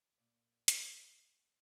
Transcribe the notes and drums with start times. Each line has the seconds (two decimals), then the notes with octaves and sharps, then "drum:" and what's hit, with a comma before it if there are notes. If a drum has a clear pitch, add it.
0.18 A#2 D5
0.68 drum: hi-hat